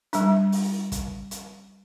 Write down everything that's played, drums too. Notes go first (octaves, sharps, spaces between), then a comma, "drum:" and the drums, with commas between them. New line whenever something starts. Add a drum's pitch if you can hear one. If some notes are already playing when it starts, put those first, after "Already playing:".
G3 D4, drum: hi-hat
drum: open hi-hat
drum: kick, hi-hat
drum: hi-hat